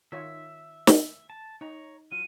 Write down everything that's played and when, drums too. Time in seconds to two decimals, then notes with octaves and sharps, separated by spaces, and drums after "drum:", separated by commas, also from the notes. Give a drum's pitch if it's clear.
0.12 D#3 F4 C#5 E5
0.87 drum: snare
1.30 A5
1.61 D#4 C#5 A#5
2.12 F#3 F4 D#7